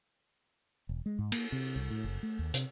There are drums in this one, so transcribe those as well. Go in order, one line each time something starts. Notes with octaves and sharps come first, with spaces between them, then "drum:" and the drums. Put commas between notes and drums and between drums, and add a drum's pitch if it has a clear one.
E1
G#3
G#2
A#3, drum: cymbal
C3
C2
A2
F#1
A3
D#2
C3, drum: hi-hat